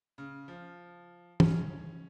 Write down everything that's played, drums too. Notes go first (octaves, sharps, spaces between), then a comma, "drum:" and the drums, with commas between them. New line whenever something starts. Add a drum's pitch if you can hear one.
C#3
F3
C#4, drum: tom